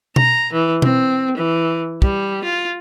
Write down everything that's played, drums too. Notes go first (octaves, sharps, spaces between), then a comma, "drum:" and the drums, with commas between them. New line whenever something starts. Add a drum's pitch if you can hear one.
A#5, drum: tom B2
E3
C4, drum: tom B2
E3
G3, drum: kick
F4